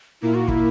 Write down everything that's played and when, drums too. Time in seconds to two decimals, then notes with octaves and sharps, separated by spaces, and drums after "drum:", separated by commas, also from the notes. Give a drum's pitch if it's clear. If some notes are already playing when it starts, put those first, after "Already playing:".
0.22 A#2 A#3 E4
0.34 F#4
0.48 E4, drum: kick